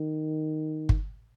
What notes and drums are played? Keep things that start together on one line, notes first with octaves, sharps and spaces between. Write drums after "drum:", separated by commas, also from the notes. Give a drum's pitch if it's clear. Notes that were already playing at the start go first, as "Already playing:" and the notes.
Already playing: D#3
drum: kick